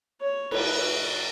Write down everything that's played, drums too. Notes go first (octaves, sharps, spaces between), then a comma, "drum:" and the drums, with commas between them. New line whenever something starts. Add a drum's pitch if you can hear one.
C#5
B4, drum: cymbal
F#4